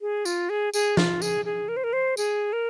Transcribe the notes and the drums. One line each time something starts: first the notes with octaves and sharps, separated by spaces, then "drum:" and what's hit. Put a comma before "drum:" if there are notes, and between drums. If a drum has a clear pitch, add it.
G#4
F4, drum: tambourine
G#4
G#4, drum: tambourine
F4, drum: snare
G#4, drum: tambourine
G#4
A#4
C5
A#4
C5
G#4, drum: tambourine
A#4